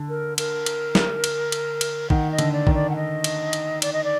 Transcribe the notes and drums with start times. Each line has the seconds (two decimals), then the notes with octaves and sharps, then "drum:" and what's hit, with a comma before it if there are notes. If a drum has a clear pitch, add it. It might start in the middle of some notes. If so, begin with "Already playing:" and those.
Already playing: D3
0.09 A#4
0.38 A#4, drum: cymbal
0.66 drum: cymbal
0.95 drum: snare
1.24 drum: cymbal
1.52 drum: cymbal
1.81 drum: cymbal
2.10 D#3 F#5, drum: kick
2.31 D#5
2.38 D3, drum: cymbal
2.52 D5
2.67 D#3, drum: kick
2.74 D5
2.90 F#5
2.96 D#5
3.24 drum: cymbal
3.53 drum: cymbal
3.82 D5, drum: cymbal
3.93 D#5
4.04 D5